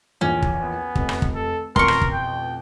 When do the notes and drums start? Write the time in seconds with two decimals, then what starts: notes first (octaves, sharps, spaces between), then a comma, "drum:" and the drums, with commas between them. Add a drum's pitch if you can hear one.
0.21 A#1 E2 A#2 C#4
0.42 drum: kick
0.63 B3
0.95 F1, drum: kick
1.09 drum: rim click
1.22 drum: kick
1.34 A4
1.76 A1 F2 B2 A#4 C6 C#6, drum: kick
1.88 drum: rim click
2.01 drum: kick
2.13 G5